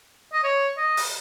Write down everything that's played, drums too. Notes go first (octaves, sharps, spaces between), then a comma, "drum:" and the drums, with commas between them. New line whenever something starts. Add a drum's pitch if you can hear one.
D#5
C#5
D#5
drum: open hi-hat